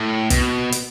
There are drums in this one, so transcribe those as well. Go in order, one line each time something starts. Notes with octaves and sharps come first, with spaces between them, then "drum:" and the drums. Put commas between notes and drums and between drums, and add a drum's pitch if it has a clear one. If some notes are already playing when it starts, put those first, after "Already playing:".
Already playing: A2
B2, drum: kick, hi-hat
drum: hi-hat